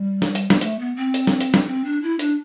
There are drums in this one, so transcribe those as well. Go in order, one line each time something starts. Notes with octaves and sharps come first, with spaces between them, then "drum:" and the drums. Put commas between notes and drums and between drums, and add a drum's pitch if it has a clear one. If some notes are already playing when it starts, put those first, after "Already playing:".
Already playing: G3
drum: snare
drum: hi-hat
B3, drum: snare
A3, drum: hi-hat
B3
C4
drum: hi-hat
drum: snare
drum: hi-hat
drum: snare
C4
D4
E4
D4, drum: hi-hat